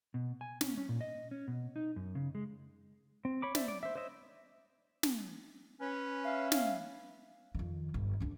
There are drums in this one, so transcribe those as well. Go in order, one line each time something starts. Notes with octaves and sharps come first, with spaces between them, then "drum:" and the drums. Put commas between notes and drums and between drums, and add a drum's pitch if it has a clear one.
B2
G#5
C#4, drum: snare
C#4
A#2
D#5
C#4
B2
D#4
F#2
C#3
G#3
C4
C#5 B5 D6
C5 D5 E5, drum: snare
D5
C5 E5
C5 C#5 D#5 E5
drum: snare
C#4 B4
E5 F5
drum: snare
F2 D#3
G1
D2 D4